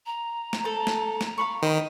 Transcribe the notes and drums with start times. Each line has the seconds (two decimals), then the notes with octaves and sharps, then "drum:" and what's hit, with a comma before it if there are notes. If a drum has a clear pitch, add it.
0.06 A#5
0.53 drum: snare
0.64 A4 C5
0.87 drum: snare
1.21 drum: snare
1.38 F5 B5 C#6
1.63 D#3 C5 D#5 B5